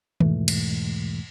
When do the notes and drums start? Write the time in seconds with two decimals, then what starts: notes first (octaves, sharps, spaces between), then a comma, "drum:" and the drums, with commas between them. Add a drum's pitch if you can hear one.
0.20 E2 G#2 B2 E3 G#3 A3, drum: tom D#3
0.48 drum: cymbal